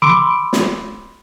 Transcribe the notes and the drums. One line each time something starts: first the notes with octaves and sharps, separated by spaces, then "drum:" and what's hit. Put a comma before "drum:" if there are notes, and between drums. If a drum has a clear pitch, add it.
B5 C6 D6 E6 D7
drum: snare